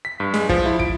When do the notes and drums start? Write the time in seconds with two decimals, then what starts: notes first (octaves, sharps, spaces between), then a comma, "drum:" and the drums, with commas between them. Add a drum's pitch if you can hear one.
0.05 B6
0.20 G2
0.34 G#3, drum: snare
0.49 F3, drum: kick
0.66 E4
0.79 D7, drum: kick